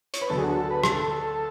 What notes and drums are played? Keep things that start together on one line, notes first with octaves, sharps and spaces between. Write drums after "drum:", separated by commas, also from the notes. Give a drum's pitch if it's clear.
C#5, drum: hi-hat
B4
D2 D3 F#3 B3 A4
G#4
F#4
A4
B4
A4, drum: rim click
A4